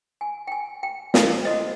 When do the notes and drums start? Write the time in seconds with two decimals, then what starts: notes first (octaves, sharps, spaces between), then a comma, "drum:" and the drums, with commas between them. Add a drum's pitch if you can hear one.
0.21 G#5
0.47 G5
0.52 G#5
0.83 G5
1.14 F5, drum: snare
1.45 F#4 A4 C5 D#5